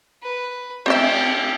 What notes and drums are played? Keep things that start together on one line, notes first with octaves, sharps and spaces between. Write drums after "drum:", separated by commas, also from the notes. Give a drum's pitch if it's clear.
B4
G4 C5 D#5 E5, drum: cymbal